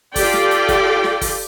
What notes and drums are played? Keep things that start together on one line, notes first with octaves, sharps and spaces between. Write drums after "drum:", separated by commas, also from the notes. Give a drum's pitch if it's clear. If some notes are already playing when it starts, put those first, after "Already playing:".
F4 G4 A4 D5 G5, drum: kick, open hi-hat
drum: snare
drum: hi-hat
drum: kick, hi-hat
drum: snare
drum: kick, open hi-hat